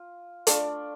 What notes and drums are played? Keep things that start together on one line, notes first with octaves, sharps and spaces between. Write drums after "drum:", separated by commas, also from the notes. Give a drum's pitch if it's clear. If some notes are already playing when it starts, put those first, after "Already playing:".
Already playing: F4
A3 D4 F4 D5, drum: hi-hat